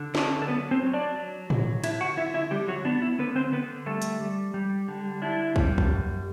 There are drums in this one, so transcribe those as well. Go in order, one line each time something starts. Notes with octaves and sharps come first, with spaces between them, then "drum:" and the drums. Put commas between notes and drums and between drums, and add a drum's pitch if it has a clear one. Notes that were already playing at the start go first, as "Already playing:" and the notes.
Already playing: D3
D4, drum: snare
A4
F#3 B3 B4
C4 C5
F#3
D4 D5
F#3
F#3, drum: tom A2
D3 E4 E5, drum: cymbal
F#4 F#5
D3 E4 E5
E4 E5
D3 G3 G4
F#3 F#4
B3 D4
E4
D3 B3 B4
C4 C5
D3 B3 B4
G3 A3 A4
drum: hi-hat
G3
G3
D3
D4 E4
G3, drum: kick
drum: kick
F#2